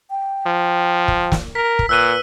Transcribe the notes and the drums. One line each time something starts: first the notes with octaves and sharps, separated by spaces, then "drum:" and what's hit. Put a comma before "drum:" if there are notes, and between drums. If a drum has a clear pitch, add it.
G5
F3
drum: kick
drum: snare
A#4 B6
drum: kick
A#2 B4 E6 F#6 D#7